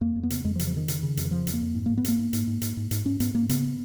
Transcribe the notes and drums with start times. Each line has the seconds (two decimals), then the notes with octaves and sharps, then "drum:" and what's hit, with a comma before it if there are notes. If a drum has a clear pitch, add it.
0.01 F2 A#3
0.16 F2
0.23 B3
0.30 C#3, drum: hi-hat
0.45 F2 G#3
0.56 F3
0.59 C#3, drum: hi-hat
0.67 F3
0.74 F2 D#3
0.88 C#3, drum: hi-hat
1.03 C#3
1.17 F2, drum: hi-hat
1.25 D#3
1.31 C#3 F3
1.47 F2, drum: hi-hat
1.53 A#3
1.61 F2
1.75 G#2
1.86 G#2 A#3
1.97 B3
2.04 G#2 A#3, drum: hi-hat
2.18 G#2
2.33 G#2, drum: hi-hat
2.47 G#2
2.62 G#2, drum: hi-hat
2.77 G#2
2.91 G#2, drum: hi-hat
3.05 G#2 C#4
3.20 G#2 B3, drum: hi-hat
3.34 G#2 A#3
3.49 C#3 B3, drum: hi-hat